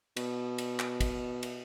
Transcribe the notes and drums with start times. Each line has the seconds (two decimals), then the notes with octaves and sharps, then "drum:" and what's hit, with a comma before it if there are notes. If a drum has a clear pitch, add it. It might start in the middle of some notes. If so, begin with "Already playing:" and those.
0.17 B2, drum: cymbal
0.58 drum: cymbal
0.79 drum: clap
1.00 drum: kick, cymbal
1.43 drum: cymbal